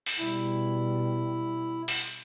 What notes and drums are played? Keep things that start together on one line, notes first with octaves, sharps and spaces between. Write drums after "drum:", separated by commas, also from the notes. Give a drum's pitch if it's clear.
drum: open hi-hat
B2 G3 E4
drum: open hi-hat